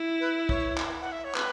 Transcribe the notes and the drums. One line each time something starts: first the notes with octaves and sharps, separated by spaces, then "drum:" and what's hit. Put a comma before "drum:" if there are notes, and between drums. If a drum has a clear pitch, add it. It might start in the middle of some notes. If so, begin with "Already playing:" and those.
Already playing: E4
B4
C#5, drum: kick
drum: clap
F#5
E5
C#5
B4, drum: clap